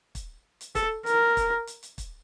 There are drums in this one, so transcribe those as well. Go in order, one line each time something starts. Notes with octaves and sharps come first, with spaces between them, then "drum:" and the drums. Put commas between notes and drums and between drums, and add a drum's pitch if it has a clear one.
drum: kick, hi-hat
drum: hi-hat
A4, drum: kick, hi-hat
A#4, drum: hi-hat
drum: kick, hi-hat
drum: hi-hat
drum: hi-hat
drum: kick, hi-hat